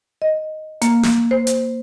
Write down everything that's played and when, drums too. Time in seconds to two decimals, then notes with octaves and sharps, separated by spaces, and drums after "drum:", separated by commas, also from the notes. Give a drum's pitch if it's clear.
0.22 D#5
0.82 A#3, drum: hi-hat
1.03 drum: snare
1.31 C5
1.47 drum: hi-hat